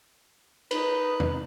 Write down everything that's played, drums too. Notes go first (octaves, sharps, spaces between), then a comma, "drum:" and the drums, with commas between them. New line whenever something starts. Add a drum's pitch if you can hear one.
D#4 B4, drum: cymbal
drum: tom E2